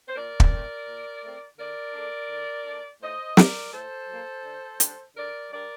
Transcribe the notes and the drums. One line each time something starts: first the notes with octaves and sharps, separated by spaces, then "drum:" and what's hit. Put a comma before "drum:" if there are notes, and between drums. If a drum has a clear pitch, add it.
C5
A#2 A#4 D5
drum: kick
A3 C4
A#2
A3 C4
D3 A#4 D5
A3 D4
D3
A3 D4
A2 C5 D#5
F#3 A#3 A#4 D5, drum: snare
A2 A4 C5
F#3 A#3
D3
G3 D4, drum: hi-hat
D3 A#4 D5
G3 D4 A#4 D5